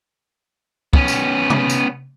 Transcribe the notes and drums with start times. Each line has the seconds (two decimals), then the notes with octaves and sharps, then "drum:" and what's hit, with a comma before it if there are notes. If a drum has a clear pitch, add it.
0.93 B3 C#4, drum: kick
1.08 drum: tambourine
1.50 drum: tom C3
1.70 drum: tambourine